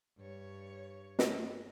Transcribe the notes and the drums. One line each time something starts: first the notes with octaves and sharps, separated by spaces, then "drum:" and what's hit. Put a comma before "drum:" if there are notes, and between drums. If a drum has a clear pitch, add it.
G2 C#5
drum: snare